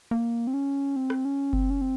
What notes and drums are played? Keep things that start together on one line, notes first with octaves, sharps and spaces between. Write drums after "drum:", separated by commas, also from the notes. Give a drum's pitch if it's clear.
A#3
C4
C#4
C4
drum: rim click
C#4
C4, drum: kick F#1
C#4
C4